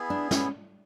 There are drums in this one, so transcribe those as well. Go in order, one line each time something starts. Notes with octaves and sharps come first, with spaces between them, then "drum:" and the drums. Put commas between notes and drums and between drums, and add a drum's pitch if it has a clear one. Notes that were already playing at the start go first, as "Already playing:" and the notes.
Already playing: B3 E4 G#4
D4
C#4, drum: snare